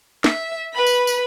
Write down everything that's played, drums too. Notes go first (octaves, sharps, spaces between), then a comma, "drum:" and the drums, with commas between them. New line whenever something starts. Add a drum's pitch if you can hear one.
E5, drum: snare
B4 B5
drum: tambourine
drum: tambourine